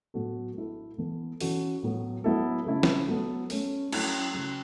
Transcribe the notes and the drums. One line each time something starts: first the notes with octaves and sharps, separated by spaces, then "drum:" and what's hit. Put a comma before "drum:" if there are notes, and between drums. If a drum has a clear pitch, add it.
A2 F#3 B3 F#4 A4
A3 E4 A4
E3 B3 A4
E3 C#4 F#4 A4, drum: open hi-hat
A2 F#3 B3
F#3 B3 E4 A4
C#3 A3 E4 A4
drum: snare
F#3 B3 A4
A3 C#4 A4, drum: open hi-hat
F#3 A3 C#4 E4, drum: cymbal
C#3 F#3 C#4